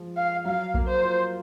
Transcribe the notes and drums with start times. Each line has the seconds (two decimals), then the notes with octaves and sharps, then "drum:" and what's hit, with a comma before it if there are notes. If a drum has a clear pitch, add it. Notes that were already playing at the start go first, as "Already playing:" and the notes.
Already playing: F3 G#3
0.17 F5
0.45 F#3 F5
0.74 A#3, drum: kick A#1
0.87 C5
1.02 F4